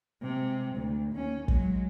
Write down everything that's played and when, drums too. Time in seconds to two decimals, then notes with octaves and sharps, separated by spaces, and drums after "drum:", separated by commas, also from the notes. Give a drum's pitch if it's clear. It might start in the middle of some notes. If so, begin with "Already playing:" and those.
0.22 C3 G#3
0.76 D2
1.12 D#2 C#4
1.48 F#3 G#3, drum: kick